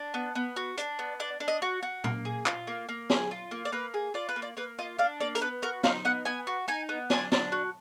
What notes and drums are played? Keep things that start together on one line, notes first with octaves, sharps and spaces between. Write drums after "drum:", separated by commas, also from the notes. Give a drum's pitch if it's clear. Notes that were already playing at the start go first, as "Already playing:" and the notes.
Already playing: D4
B3
B3
F#4
D4, drum: hi-hat
B3
D4 D5
D4
D#5
F#4
F#4
A#3, drum: tom A#2
G#4
F4, drum: clap
A#3
A#3
G#4, drum: snare
F4
A#3
D5
A#3 B4
G#4
F4 D5
B4
A#3
D5
A#3 B4
F4 D#5
D4 F5
A#3 D5
A#4, drum: hi-hat
B3 B4
F#4 A#4
D#4 F5, drum: snare
B3 F#5
B3 G#5
F#4
D#4 G#5
B3
D4 G#5, drum: snare
D4, drum: snare
F#4